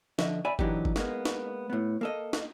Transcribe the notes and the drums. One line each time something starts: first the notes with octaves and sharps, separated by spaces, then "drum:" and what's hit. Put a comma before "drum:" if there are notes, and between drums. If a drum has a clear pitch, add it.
D3 F3 D#5 E5, drum: snare
D5 E5 G#5 B5
A#2 E3 F#3 D4 D#4 G4, drum: kick G1
drum: kick G1
G#3 A#3 B3, drum: snare
drum: snare
A2 B3
A#3 A4 D#5
drum: snare